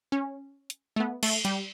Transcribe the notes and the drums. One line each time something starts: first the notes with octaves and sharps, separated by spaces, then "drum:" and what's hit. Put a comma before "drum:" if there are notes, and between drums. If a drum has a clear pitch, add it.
C#4
drum: hi-hat
A3
B3
A3, drum: cymbal
G3, drum: hi-hat